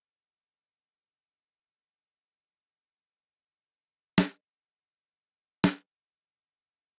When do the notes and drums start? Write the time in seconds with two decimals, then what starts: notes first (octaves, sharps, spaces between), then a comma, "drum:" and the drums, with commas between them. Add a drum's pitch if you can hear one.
0.56 B2 B5 D6 F6
1.20 A#2 G#5 C6 A6
2.15 C5 E5
2.32 A#4 G5
2.48 D4 D#4 D5 E5
2.66 G#4
2.80 A#4
3.45 D2 D3 E4 C#6 A#6
4.18 drum: snare
5.64 drum: snare
6.26 A2 F3 A3 D#5
6.43 D3 F3 G#3 B3 B4 C#6
6.57 A1 D#2 G3 C#4 F4
6.70 C#4 F5 F#5 A#5